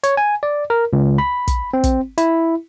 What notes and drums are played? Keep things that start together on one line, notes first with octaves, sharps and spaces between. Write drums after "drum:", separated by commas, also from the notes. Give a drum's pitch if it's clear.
C#5, drum: hi-hat
G#5
D5
A#4
C#2
B5
drum: kick, hi-hat
C4
drum: kick, hi-hat
E4, drum: hi-hat